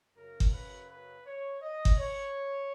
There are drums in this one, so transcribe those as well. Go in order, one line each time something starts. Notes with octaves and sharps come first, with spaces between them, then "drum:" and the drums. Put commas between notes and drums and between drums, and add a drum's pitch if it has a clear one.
F#2 C#3 F#3 A#4
drum: kick G1
B4
B4
C#5
D#5
drum: kick G1
C#5